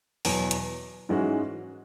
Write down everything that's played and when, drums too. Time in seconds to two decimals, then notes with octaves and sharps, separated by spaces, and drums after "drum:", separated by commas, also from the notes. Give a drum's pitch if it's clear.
0.25 E2 B2 F#3 B3, drum: open hi-hat
0.51 drum: hi-hat
1.09 G#2 E3 G#3 C#4 F#4